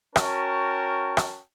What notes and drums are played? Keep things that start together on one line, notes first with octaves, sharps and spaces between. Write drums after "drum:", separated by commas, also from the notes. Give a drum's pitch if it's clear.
C#4 F#4 A#4 G5 A5, drum: rim click
drum: rim click